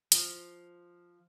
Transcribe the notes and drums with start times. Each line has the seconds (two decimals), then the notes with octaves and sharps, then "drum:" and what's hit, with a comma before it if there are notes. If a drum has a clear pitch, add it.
0.12 F3, drum: hi-hat